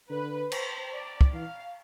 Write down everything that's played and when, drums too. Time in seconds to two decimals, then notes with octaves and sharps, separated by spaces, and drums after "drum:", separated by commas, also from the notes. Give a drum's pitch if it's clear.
0.10 D3 B4
0.52 C5, drum: cymbal
0.93 D5
1.21 drum: kick
1.33 E3 F5